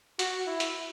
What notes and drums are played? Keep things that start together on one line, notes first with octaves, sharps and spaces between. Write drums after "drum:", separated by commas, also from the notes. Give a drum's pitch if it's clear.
F#4, drum: hi-hat
E4
drum: hi-hat